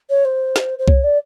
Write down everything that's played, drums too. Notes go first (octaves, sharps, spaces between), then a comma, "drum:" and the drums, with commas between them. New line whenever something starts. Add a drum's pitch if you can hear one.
C#5
C5
drum: snare
C5
C#5, drum: kick C2
D5